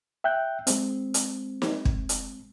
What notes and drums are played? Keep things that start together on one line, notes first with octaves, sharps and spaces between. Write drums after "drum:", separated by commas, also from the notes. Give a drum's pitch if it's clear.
E5 G5 F#6 G6
G#3 C4, drum: hi-hat
drum: hi-hat
drum: snare
drum: kick
drum: hi-hat